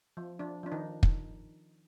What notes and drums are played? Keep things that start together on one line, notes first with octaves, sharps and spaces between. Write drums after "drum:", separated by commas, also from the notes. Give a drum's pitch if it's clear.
F3
F3 D4
F3 D4
D#3 D#4
drum: kick